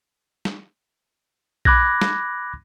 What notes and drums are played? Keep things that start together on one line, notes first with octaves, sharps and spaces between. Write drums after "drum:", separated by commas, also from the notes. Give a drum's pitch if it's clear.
drum: snare
B5 D6 F#6 G#6 A#6, drum: kick A#1
drum: snare